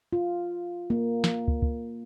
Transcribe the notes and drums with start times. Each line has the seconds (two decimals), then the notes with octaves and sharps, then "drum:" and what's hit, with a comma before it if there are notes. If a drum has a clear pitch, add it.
0.13 F4
0.90 A#3
1.24 drum: snare
1.48 drum: kick
1.62 drum: kick